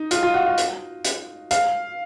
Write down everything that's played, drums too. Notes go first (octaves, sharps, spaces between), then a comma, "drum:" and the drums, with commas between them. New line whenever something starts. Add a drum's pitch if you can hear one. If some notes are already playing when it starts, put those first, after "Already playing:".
Already playing: D#4
F4, drum: hi-hat
F4
F#4
F#4
drum: hi-hat
drum: hi-hat
F5, drum: hi-hat